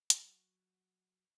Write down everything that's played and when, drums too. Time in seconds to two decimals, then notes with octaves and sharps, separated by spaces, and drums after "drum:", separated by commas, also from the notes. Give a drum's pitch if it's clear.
0.10 F#3 F#5, drum: hi-hat